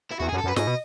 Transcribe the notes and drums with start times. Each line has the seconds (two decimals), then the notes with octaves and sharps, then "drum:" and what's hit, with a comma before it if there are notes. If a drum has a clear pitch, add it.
0.12 E4
0.20 E2 F#4
0.29 G#4
0.32 F#2
0.38 A4
0.44 F#2
0.48 B4
0.56 G#2 D#5, drum: snare
0.67 B2